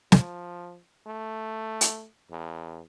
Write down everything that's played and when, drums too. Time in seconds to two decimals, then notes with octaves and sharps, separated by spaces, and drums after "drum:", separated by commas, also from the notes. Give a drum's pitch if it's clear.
0.12 F3, drum: snare
1.06 A3
1.81 drum: hi-hat
2.31 E2